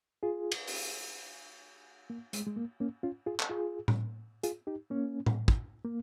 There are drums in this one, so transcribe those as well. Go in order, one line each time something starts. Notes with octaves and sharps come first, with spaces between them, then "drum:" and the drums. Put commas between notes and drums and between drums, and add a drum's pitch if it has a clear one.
F4 G#4
drum: cymbal
drum: open hi-hat
A#3
G#3, drum: hi-hat
G#3
A#3
A#3 C#4
C#4 F4
F4 G#4
drum: clap
F4 G#4
drum: tom A2
F4 G#4, drum: hi-hat
D#4 G4
A#3 C#4
drum: tom A2
drum: kick
A#3